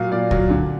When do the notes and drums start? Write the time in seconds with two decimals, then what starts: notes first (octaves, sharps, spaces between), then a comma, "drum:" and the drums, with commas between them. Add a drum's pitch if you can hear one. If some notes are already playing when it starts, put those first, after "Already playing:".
Already playing: A#2 F#3 F5
0.12 A#2 D5
0.31 F#3, drum: kick C#2
0.50 D3